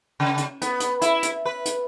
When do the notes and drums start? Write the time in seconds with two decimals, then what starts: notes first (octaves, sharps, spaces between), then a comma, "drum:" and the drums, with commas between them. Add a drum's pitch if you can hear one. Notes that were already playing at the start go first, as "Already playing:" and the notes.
0.20 C#3
0.37 drum: hi-hat
0.62 B3, drum: hi-hat
0.80 drum: hi-hat
1.01 E4, drum: hi-hat
1.23 drum: hi-hat
1.45 B4
1.65 drum: hi-hat